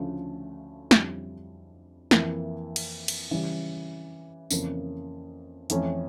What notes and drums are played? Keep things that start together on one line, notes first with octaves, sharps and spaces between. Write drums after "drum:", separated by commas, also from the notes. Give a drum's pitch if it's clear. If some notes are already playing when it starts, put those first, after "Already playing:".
Already playing: D2 C#3 F3 A3
F2 D3 G3 C#4 E4, drum: snare
F2 E3 A#3 E4, drum: snare
drum: cymbal
drum: cymbal
C#3 E3 G3
F2 C#3 E3 A#3, drum: tambourine
F2 E3 A3 C#4, drum: hi-hat